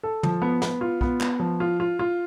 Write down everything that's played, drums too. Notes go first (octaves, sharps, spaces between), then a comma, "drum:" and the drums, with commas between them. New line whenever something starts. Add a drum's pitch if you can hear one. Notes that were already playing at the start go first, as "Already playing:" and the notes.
A4
F3, drum: tom
B3
B3, drum: snare
F4
B3, drum: kick
B3, drum: clap
F3
F4
F4
F4